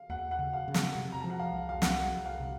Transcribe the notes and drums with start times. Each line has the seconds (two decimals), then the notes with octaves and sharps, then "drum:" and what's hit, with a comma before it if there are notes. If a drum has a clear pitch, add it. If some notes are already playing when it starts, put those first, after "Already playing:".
Already playing: F5
0.09 D#2 F#5
0.31 F#5
0.39 C#3
0.53 F5
0.68 C#3
0.74 F#5, drum: snare
0.95 C3
1.12 A#5
1.21 F3 A5
1.30 F#5
1.40 F5
1.53 C2
1.69 F5
1.82 C2 F#5, drum: snare
2.10 C2
2.26 F5
2.40 C3